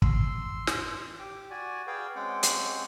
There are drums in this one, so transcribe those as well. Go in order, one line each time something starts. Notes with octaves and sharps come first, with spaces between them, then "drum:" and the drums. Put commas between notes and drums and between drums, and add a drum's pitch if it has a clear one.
C6 E6, drum: kick
drum: snare
G4 D6
F#4 D5 G#5
F#4 G#4 B4 D5 F5 G5
G#3 C4 C#4 F#5 G5 D6
drum: hi-hat